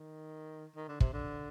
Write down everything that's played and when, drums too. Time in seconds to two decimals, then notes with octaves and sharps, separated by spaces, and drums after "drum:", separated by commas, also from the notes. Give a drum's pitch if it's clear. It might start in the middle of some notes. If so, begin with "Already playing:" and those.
Already playing: D#3
0.76 D#3
0.88 D3
1.00 C3, drum: kick
1.13 D3